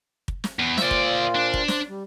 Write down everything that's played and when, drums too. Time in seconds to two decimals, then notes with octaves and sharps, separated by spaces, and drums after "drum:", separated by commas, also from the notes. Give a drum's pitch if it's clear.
0.28 drum: kick
0.44 drum: snare
0.59 E2
0.78 A#2 C5 D5 E5 F5, drum: snare
0.91 drum: kick
1.35 D4
1.54 drum: kick
1.68 C5, drum: snare
1.89 G3